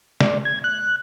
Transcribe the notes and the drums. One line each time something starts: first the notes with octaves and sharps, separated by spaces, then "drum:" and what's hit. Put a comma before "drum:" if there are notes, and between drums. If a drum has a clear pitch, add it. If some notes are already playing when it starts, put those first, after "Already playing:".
D5, drum: snare
G#6
F#6